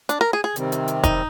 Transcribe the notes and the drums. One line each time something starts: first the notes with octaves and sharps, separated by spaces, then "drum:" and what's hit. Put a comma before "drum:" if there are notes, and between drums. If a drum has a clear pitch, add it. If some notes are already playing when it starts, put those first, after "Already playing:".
D4, drum: hi-hat
A#4
G#4
G#4
C3 D#3 G3 C4, drum: hi-hat
drum: hi-hat
drum: hi-hat
D#4, drum: kick E1, hi-hat